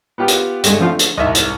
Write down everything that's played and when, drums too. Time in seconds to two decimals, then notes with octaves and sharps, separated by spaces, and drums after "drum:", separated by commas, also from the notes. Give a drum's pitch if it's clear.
0.18 B3 F4 G4
0.28 drum: hi-hat
0.64 G2 D3 G#3 A3, drum: hi-hat
0.80 F3 C4 F4
0.99 drum: hi-hat
1.17 C2 G#2 D#5 E5
1.35 drum: hi-hat